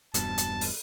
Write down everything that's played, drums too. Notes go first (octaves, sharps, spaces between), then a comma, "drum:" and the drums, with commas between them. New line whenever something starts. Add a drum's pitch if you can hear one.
E1 G2 B2 A5, drum: hi-hat
drum: hi-hat
drum: open hi-hat